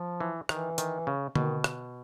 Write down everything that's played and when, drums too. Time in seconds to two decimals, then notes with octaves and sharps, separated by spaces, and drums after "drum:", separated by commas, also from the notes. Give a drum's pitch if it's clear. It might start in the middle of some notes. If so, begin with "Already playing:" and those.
Already playing: F3
0.20 E3
0.49 D#3 E3, drum: rim click
0.78 D#3, drum: hi-hat
1.07 C#3
1.36 B2 D#3, drum: tom D3
1.64 drum: rim click